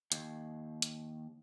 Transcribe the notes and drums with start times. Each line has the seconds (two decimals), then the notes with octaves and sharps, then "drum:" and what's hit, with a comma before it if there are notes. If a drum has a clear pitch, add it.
0.12 D#2, drum: hi-hat
0.82 drum: hi-hat